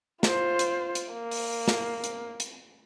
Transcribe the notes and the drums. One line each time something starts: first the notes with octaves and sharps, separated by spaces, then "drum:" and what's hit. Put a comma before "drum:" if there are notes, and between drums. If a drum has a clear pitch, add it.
F4 C5, drum: snare
drum: hi-hat
drum: hi-hat
A#3
drum: open hi-hat
drum: snare
drum: hi-hat
drum: hi-hat